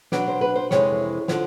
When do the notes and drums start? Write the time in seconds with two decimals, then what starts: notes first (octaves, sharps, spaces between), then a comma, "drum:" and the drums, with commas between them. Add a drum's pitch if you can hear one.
0.12 B2 F#3 B3 D4 D5, drum: snare
0.28 C5
0.41 B4
0.55 C5
0.71 F2 C3 E3 G#3 C#5, drum: snare
1.28 D3 F3, drum: snare